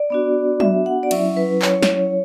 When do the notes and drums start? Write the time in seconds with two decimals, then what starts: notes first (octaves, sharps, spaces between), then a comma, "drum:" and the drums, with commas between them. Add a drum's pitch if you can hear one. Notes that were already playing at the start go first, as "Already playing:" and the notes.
Already playing: D5
0.10 B3 D4 F#4
0.60 E5, drum: tom F#3
0.86 F#5
1.03 D5
1.11 F#3 C#4 E4 E5, drum: cymbal
1.37 B4
1.62 C#5, drum: clap
1.82 drum: snare